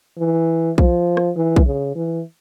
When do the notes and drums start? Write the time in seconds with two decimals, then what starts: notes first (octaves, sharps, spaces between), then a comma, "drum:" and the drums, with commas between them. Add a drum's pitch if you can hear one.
0.18 E3
0.78 F3, drum: kick B1
1.17 drum: rim click
1.36 E3
1.56 drum: kick B1
1.66 C#3
1.96 E3